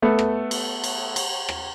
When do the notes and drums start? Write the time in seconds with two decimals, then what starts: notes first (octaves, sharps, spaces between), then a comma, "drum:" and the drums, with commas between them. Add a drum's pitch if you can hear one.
0.02 A3 B3 A4
0.19 drum: rim click
0.51 drum: cymbal
0.84 drum: cymbal
1.16 drum: cymbal
1.49 drum: rim click